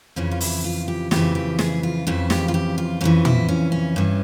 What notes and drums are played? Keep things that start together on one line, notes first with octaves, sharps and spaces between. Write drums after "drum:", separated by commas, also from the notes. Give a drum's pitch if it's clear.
F2 C#3 E3 C#4
F4
E4, drum: open hi-hat
F4
G4
F2 C#3 E3 G4, drum: snare
G4
G#4, drum: snare
F4
F2 C#3 E3 E4
G4, drum: snare
F4
G4
F4
F2 C#3 E3 C#4
E4, drum: tom
C#4
C#4
G2 E3